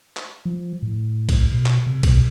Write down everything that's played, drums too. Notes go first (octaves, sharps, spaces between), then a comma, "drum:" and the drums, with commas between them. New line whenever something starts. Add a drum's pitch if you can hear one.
drum: clap
F3
A2
drum: kick B1, cymbal
B2
drum: clap
C3
B2, drum: kick B1, cymbal